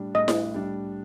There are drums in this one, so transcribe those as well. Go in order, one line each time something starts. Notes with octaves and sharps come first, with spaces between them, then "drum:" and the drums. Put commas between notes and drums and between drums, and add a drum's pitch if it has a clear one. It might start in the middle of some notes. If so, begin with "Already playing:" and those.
Already playing: A2 G3 D4
A2 D#5
drum: snare E4
G3 D4